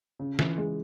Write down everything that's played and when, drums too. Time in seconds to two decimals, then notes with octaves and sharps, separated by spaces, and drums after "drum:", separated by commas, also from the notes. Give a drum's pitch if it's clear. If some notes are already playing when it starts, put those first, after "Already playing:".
0.19 C#3
0.39 E3, drum: snare
0.58 G#3